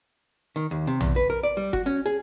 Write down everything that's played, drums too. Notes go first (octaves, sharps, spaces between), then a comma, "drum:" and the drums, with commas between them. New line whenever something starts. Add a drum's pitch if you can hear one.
D#3
D#2
C3
E2, drum: tom
B4
A#4
D5
G3
F#4, drum: kick F#1
C#4
G#4